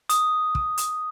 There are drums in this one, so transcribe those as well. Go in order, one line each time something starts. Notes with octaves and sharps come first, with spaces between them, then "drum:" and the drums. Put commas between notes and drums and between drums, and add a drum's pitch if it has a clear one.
D#6, drum: hi-hat
drum: kick
drum: hi-hat